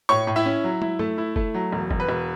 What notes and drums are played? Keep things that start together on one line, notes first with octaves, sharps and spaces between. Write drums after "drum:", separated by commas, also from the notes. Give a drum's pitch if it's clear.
A2 C#5 C#6
A2
E4 E5
C#4
F#3
E4, drum: tom
A3, drum: tom G2
E4
A3, drum: kick
F#3
E1
E1, drum: kick
B4
E1